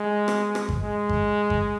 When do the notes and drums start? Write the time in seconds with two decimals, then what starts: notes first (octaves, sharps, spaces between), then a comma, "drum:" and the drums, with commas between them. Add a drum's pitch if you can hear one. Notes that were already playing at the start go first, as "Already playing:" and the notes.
Already playing: G#3
0.28 drum: rim click
0.55 drum: rim click
0.69 drum: kick G#1
0.82 G#3
1.09 drum: kick G#1
1.50 drum: kick G#1